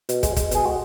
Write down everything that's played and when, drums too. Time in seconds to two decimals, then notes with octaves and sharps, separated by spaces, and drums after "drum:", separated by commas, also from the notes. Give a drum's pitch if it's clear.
0.09 B2, drum: hi-hat
0.23 G#3, drum: kick, hi-hat
0.36 G#3, drum: kick, hi-hat
0.51 B2 G#4, drum: hi-hat
0.65 G#3 F#4